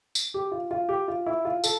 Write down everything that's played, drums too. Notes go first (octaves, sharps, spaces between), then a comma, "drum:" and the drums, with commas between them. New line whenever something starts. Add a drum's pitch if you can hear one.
drum: tambourine
G4
F4
F4
G4
F4
E4
F4
A4, drum: tambourine